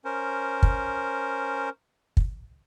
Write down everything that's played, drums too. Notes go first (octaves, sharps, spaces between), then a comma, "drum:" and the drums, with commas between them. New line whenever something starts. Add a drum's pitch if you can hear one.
C#4 A#4 C5
drum: kick
drum: kick